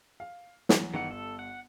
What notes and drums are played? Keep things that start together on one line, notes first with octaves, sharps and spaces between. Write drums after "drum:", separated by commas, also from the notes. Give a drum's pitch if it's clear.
F5
E3 F#3, drum: snare
G1 D#3 E3 F#5
A4
F#5